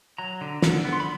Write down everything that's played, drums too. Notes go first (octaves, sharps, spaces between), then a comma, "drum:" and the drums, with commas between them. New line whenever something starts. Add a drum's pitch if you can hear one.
F#3 A#5
D3
D3, drum: snare
B3
C6
B5